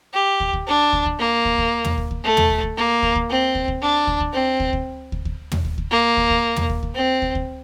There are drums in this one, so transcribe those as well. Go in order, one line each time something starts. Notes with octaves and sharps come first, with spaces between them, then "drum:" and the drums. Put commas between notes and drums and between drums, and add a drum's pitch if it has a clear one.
G4
drum: kick
drum: kick
D4
drum: kick
drum: kick
A#3
drum: kick
drum: kick
drum: tom
drum: kick
drum: kick
A3
drum: tom
drum: kick
drum: kick
A#3
drum: kick
drum: kick
C4
drum: kick
drum: kick
D4
drum: kick
drum: kick
C4
drum: kick
drum: kick
drum: kick
drum: kick
drum: tom
drum: kick
drum: kick
A#3
drum: kick
drum: kick
drum: tom
drum: kick
drum: kick
C4
drum: kick
drum: kick